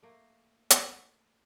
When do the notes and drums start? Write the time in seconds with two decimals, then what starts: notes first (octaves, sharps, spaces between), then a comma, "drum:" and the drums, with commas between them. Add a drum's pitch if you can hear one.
0.03 A3 A#3
0.70 drum: hi-hat